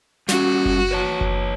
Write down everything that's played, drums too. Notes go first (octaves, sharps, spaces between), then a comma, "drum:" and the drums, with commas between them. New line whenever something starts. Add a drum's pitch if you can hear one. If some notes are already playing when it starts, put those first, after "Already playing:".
G3 C#4 F#4, drum: snare
drum: kick F#1
B4 C#5 A5
drum: kick F#1